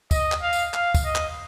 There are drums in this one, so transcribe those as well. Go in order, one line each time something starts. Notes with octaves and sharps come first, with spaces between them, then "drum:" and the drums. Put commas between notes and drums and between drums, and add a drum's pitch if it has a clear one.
D#5, drum: kick, tambourine
drum: clap
F5
drum: tambourine
F5, drum: clap
drum: kick, tambourine
D#5
drum: clap